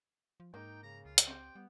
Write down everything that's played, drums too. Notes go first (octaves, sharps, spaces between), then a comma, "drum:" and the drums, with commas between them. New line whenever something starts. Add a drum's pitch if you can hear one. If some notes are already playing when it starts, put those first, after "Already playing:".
F3
G#2 A#3 D#4 G5
C#3 A#5
C#2 F4
drum: hi-hat
C4 G4 G5
G3 B3